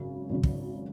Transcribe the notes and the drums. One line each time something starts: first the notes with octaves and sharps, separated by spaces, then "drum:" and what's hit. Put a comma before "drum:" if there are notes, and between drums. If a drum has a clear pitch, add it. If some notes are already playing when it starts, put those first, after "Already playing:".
Already playing: G#1 F#2 C#3
G#1 F#2 C#3
drum: kick